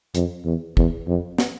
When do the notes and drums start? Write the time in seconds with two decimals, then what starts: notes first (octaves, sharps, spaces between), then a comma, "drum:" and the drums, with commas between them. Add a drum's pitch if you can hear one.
0.15 F2, drum: hi-hat
0.45 E2
0.77 E2, drum: kick
1.08 F2
1.38 drum: snare